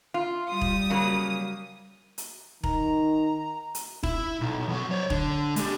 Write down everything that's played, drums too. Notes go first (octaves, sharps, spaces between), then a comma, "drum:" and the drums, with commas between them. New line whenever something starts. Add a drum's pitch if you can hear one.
F4
G3 D#6
drum: kick E1
C#3 F#3 A#3
drum: hi-hat
D#3 A#5, drum: kick E1
drum: hi-hat
E4, drum: kick E1
B1
F2 F#3
C#5 D5
D3, drum: kick E1
G#3 G4, drum: hi-hat